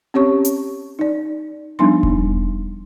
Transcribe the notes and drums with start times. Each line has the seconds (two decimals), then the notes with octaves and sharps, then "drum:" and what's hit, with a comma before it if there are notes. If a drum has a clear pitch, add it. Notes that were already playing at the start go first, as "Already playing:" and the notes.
0.14 C4 C#4 G4 C#5 A5 C#6
0.45 drum: hi-hat
0.99 D#4 D5
1.79 F3 G3 B3 D4 D#4 C6
2.03 drum: kick E1